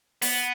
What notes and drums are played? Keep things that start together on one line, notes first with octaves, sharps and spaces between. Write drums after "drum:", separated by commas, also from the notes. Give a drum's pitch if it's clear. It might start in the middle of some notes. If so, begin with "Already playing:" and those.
B3, drum: open hi-hat